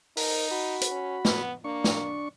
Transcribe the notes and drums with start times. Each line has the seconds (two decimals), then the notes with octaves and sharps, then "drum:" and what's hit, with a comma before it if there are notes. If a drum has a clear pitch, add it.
0.17 D#4 A#4, drum: open hi-hat
0.51 F#4 B5
0.81 drum: hi-hat
0.91 C#4
1.25 B3, drum: snare
1.64 A#3 D4 C#6
1.84 drum: snare